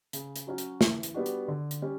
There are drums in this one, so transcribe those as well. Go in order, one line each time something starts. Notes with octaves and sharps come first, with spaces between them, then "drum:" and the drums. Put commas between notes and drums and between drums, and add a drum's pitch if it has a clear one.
C#3, drum: hi-hat
drum: hi-hat
F#3 C#4 F#4
drum: hi-hat
E3, drum: snare
drum: hi-hat
G3 B3 D4 F#4
drum: hi-hat
D3
drum: hi-hat
G3 C#4